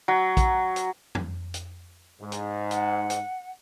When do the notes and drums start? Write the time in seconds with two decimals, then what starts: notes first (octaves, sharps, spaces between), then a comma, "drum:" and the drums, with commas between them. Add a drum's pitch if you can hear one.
0.08 F#3
0.37 drum: kick A#1, hi-hat
0.76 drum: hi-hat
1.15 drum: tom F2
1.54 drum: hi-hat
2.22 G#2
2.32 drum: hi-hat
2.71 F#5, drum: hi-hat
3.10 drum: hi-hat